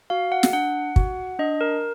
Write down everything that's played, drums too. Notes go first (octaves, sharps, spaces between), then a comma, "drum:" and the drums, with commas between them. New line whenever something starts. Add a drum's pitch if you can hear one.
F#4 F5
F#5
drum: snare
D4 F#5
F#4, drum: kick
D4 D#5
A#4